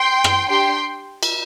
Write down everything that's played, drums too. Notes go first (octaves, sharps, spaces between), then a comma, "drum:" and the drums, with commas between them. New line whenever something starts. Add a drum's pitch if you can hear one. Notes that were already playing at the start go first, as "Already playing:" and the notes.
Already playing: G5 C6
drum: rim click
D4 G4 G5 C6
drum: cymbal